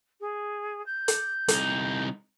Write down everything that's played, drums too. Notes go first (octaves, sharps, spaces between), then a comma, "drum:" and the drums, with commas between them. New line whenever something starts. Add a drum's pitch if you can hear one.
G#4
G6
drum: hi-hat
C2 D#4, drum: hi-hat